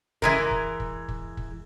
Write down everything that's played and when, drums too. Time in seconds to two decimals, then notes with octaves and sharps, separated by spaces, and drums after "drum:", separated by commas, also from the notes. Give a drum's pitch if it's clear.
0.22 E3 G#3 A#4, drum: kick
0.51 drum: kick
0.80 drum: kick
1.08 drum: kick
1.37 drum: kick